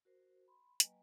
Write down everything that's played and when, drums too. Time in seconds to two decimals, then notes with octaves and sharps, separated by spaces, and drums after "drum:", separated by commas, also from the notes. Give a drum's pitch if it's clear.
0.05 F#4 A#4 C5
0.48 B5 C6
0.80 F#3 A#3 B4 D#5 G5 G#5, drum: hi-hat